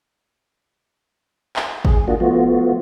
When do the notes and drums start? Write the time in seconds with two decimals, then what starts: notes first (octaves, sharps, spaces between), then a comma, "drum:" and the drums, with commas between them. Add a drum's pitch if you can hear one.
1.56 drum: clap
1.85 G#4, drum: kick G#1
2.08 A#3 D4 F4 F#4
2.20 F3 A3 B3 F4 F#4